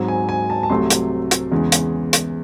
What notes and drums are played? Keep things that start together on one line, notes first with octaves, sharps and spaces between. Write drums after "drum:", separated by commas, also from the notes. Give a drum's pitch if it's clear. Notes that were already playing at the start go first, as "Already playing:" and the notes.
Already playing: G#2 F#3 C4
G#5
G#5
A5
A5
C2 C3 F#3 A3 C6
drum: hi-hat
drum: hi-hat
E2 C#3 E3 G#3
drum: hi-hat
drum: hi-hat